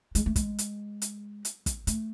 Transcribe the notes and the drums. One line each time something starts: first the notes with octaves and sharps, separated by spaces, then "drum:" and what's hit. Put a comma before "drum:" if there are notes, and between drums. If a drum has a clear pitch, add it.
G#3, drum: hi-hat
A3
G#3, drum: kick, hi-hat
drum: hi-hat
drum: hi-hat
drum: hi-hat
drum: kick, hi-hat
A3, drum: hi-hat